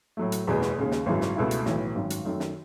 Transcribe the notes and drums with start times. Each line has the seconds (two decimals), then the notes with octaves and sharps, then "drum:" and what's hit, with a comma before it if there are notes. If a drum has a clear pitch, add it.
0.17 A2 F#3 A3
0.32 drum: hi-hat
0.47 F#1 E2 B2 G#3 B3
0.62 drum: snare
0.77 D#2 C#3 G#3
0.91 drum: snare
1.06 G#1 F#2 C#3 E3
1.21 drum: snare
1.36 C#2 B2 A3 E4
1.51 drum: hi-hat
1.66 B1 A2 E3, drum: snare
1.95 G#1 F#2 D#3
2.10 drum: hi-hat
2.25 F#2 D#3 A3
2.40 drum: snare